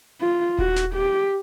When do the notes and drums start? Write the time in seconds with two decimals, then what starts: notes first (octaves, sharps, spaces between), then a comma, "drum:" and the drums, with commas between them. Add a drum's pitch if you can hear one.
0.21 F4
0.58 F#4, drum: kick D#1
0.76 drum: snare
0.94 G4